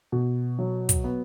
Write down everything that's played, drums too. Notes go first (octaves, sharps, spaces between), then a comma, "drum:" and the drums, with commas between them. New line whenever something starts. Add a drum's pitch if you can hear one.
B2
F#3
drum: kick, hi-hat
B3